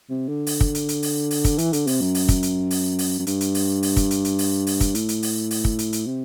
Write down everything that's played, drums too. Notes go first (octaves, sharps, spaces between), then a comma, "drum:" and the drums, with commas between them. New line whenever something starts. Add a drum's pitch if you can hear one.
C3
D3
drum: open hi-hat
drum: kick
drum: hi-hat
drum: hi-hat
drum: open hi-hat
drum: open hi-hat
drum: kick, hi-hat
E3, drum: hi-hat
D3, drum: hi-hat
C3, drum: open hi-hat
F#2
drum: open hi-hat
drum: kick, hi-hat
drum: hi-hat
drum: open hi-hat
drum: open hi-hat
F#2
G2, drum: hi-hat
drum: hi-hat
drum: open hi-hat
drum: open hi-hat
drum: kick, hi-hat
drum: hi-hat
drum: hi-hat
drum: open hi-hat
drum: open hi-hat
drum: kick, hi-hat
A2, drum: hi-hat
drum: hi-hat
drum: open hi-hat
drum: open hi-hat
drum: kick
drum: hi-hat
drum: hi-hat
C3